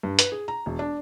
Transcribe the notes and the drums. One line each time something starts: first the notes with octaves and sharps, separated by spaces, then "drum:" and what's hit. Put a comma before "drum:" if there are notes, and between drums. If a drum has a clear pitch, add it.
G2
B4, drum: hi-hat
G#4
A#5
E1
D4